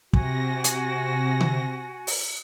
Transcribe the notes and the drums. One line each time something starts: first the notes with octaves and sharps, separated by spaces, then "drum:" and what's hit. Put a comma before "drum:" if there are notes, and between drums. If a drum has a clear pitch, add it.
C3 F#4 G#5 A#6, drum: kick
drum: hi-hat
drum: tom D3
drum: open hi-hat